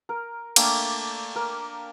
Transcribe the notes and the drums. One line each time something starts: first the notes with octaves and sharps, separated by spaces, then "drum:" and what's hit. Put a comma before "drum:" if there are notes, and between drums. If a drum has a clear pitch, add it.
A#4
A3 A#3 D4 G5, drum: cymbal
A#4